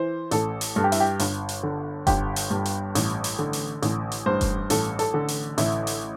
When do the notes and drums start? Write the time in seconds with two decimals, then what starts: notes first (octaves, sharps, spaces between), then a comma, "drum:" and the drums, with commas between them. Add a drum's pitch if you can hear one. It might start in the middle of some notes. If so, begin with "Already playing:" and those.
Already playing: E3 C5
0.31 A1 A4, drum: hi-hat
0.61 drum: open hi-hat
0.76 G2 A4
0.84 G4
0.92 E4, drum: open hi-hat
1.00 G4
1.19 G1, drum: open hi-hat
1.49 drum: hi-hat
1.63 D3
2.07 G1 G4, drum: kick F1, hi-hat
2.36 drum: open hi-hat
2.51 G2
2.65 drum: hi-hat
2.95 A1, drum: open hi-hat
3.24 drum: open hi-hat
3.39 D3
3.53 drum: open hi-hat
3.82 A1, drum: hi-hat
4.12 drum: hi-hat
4.26 G2 C5
4.41 drum: kick F1, hi-hat
4.70 A1 A4, drum: open hi-hat
4.99 A4, drum: hi-hat
5.14 D3
5.28 drum: open hi-hat
5.58 A1 E4, drum: open hi-hat
5.87 drum: open hi-hat